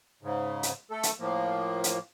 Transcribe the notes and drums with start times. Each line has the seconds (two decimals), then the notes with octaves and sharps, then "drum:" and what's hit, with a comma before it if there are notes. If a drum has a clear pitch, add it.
0.23 G#2 C#3
0.63 drum: hi-hat
0.91 A3 A4
1.03 drum: hi-hat
1.20 A2 F3 A#3
1.84 drum: hi-hat